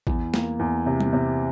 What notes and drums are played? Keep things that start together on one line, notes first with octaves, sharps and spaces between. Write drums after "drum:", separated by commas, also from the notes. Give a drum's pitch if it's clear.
E2, drum: kick A1
A#3, drum: snare
E2
C3
drum: tom G3
C3